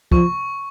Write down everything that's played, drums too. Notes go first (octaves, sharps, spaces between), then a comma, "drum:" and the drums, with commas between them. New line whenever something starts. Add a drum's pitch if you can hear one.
F3 C#6, drum: kick